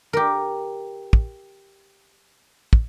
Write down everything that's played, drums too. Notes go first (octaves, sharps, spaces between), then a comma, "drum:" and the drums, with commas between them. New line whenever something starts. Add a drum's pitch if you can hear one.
G4 A#4
drum: kick
drum: kick